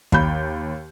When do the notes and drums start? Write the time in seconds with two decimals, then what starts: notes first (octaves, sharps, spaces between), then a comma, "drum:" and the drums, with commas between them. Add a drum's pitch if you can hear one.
0.12 D#2 B5 G6, drum: kick